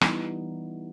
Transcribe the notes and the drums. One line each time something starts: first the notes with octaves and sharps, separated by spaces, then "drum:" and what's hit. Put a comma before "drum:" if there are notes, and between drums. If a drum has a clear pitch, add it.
E3 G3 B3 D#4, drum: rim click